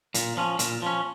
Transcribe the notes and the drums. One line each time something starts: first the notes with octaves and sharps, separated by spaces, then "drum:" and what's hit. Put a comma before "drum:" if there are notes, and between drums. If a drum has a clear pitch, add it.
A#2, drum: hi-hat
F3 C#4
A#2, drum: hi-hat
F3 C#4